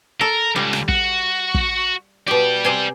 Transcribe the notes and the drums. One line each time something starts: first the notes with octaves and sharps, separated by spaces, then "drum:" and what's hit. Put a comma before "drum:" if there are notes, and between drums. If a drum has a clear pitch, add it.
A4 A#4
C#2 G3
drum: rim click
F#4, drum: kick
drum: kick
B2 G4 D5 G5
C3 C5 G#5